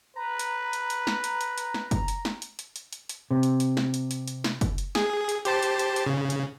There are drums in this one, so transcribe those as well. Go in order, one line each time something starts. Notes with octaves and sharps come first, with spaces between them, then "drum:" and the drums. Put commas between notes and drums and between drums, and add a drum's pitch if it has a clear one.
B4 A#5
drum: hi-hat
drum: hi-hat
drum: hi-hat
drum: snare
drum: hi-hat
drum: hi-hat
drum: hi-hat
drum: snare
drum: kick, hi-hat
drum: hi-hat
drum: snare
drum: hi-hat
drum: hi-hat
drum: hi-hat
drum: hi-hat
drum: hi-hat
C3
drum: hi-hat
drum: hi-hat
drum: snare
drum: hi-hat
drum: hi-hat
drum: hi-hat
drum: snare
drum: kick, hi-hat
drum: hi-hat
G#4, drum: snare
drum: hi-hat
G4 C5 A5, drum: hi-hat
drum: hi-hat
drum: hi-hat
drum: hi-hat
C#3
drum: hi-hat